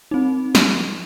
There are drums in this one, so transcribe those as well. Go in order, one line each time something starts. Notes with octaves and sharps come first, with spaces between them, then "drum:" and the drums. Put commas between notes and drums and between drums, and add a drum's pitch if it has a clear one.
C4 D#4
F3, drum: snare